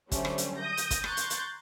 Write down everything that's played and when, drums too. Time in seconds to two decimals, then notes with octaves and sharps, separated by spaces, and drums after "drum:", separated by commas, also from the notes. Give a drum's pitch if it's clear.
0.12 D3 F#3 G3 A3 C#4 C5, drum: kick, hi-hat
0.25 drum: rim click
0.38 drum: hi-hat
0.57 D#6 G6 A#6
0.77 drum: hi-hat
0.91 drum: kick, hi-hat
1.04 A#5 C6 C#6 F#6 G6 A6, drum: rim click
1.17 drum: hi-hat
1.30 drum: hi-hat